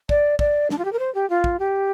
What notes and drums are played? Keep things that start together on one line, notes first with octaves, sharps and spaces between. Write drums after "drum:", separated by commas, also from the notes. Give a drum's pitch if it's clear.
D5, drum: kick
D5, drum: kick
D4, drum: snare
F4
G4
A#4
C5
G4
F4
drum: kick
G4